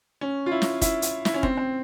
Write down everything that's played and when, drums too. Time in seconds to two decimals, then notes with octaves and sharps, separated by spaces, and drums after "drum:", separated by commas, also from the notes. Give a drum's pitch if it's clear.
0.21 C#4
0.46 F4
0.52 E4
0.62 drum: snare
0.81 E4, drum: kick, hi-hat
1.02 drum: hi-hat
1.25 E4, drum: snare
1.34 C#4
1.43 C4, drum: kick
1.57 C4